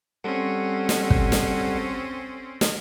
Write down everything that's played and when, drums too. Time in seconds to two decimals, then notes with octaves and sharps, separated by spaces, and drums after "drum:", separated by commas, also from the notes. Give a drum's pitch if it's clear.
0.24 G3 C4 C#4 A4 F#5
0.89 drum: snare
1.10 drum: kick
1.32 drum: snare
2.61 drum: snare